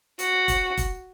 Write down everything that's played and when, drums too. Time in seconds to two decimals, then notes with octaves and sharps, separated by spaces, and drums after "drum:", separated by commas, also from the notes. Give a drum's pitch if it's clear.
0.19 F#4, drum: hi-hat
0.48 drum: kick, hi-hat
0.77 drum: kick, hi-hat